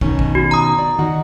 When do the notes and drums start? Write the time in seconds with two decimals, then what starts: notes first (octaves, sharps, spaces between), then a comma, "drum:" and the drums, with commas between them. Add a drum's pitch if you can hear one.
0.01 B2 D#3 C#4, drum: kick
0.19 drum: kick
0.35 F#4
0.51 A#5 D#6
0.79 D5
0.99 D#3 F#4 F#5